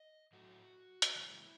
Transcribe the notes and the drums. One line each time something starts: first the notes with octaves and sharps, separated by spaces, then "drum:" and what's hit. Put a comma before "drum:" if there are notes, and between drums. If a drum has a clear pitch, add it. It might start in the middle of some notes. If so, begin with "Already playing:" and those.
Already playing: D#5
A2 F#3 A3 F#4
drum: hi-hat
E2 C#3 G#3 B3 E4